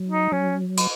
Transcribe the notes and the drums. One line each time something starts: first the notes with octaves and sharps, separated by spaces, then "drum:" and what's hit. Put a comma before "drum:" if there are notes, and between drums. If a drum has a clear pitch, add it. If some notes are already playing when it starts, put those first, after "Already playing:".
Already playing: F#3
D#4
F#3 C#4
drum: cymbal